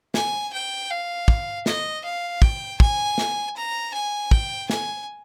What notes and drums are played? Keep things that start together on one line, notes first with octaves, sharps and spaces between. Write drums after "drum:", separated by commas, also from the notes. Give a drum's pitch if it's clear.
G#5, drum: snare
G5
F5
drum: kick
D#5, drum: snare
F5
G5, drum: kick
G#5, drum: kick
drum: snare
A#5
G#5
G5, drum: kick
G#5, drum: snare